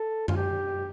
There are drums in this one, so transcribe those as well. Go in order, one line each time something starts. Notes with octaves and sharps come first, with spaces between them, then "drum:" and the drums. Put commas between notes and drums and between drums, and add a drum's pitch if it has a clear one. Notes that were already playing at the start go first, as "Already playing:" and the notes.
Already playing: A4
F4, drum: tom F#2
G4